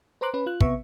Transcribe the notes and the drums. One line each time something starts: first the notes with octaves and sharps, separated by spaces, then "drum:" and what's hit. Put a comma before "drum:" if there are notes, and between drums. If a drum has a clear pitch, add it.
B4 C5 A#5 C6 D6 F#6
C#4 B4
F4 F#6
C3 B3 E5 C#6, drum: kick